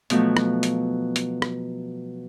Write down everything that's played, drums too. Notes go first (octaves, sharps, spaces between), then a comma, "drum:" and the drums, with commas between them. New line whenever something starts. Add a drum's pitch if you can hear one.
B2 F3 F#3 A3, drum: hi-hat
drum: rim click
drum: hi-hat
drum: hi-hat
drum: rim click